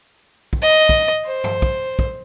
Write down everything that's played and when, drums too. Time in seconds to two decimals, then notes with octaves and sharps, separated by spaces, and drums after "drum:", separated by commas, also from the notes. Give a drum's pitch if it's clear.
0.53 drum: kick
0.62 D#5
0.89 drum: kick
1.26 C5
1.44 drum: tom G2
1.62 drum: kick
1.99 drum: kick